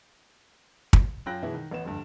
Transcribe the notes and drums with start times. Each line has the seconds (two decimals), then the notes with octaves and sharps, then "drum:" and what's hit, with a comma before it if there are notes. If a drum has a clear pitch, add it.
0.93 drum: kick
1.26 F#2 F4 G5 F#6 A#6
1.43 B2 E3 G#3 E4
1.54 D#3
1.71 A1 B3 E7
1.85 F1 D2 G2